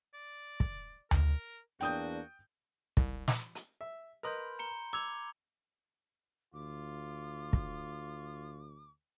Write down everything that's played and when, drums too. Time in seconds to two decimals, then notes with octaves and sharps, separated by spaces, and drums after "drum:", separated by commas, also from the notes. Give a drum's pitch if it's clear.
0.14 D5
0.60 drum: kick
1.11 A#4, drum: tom D2
1.81 E2 A#3 D4 F#4 G5 D#6 G6
2.97 C2, drum: kick
3.28 drum: snare
3.55 drum: hi-hat
3.81 E5
4.23 A#4 B4 D#5 B5 C6 G6
4.59 A#5 C#7 G7
4.93 D6 E6 G#6 F7
6.54 D2 F4 D6
7.53 drum: kick